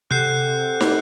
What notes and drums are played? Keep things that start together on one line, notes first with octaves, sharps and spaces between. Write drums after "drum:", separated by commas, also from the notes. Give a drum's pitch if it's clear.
C3 A4 F#5 F#6 G6 C7
drum: snare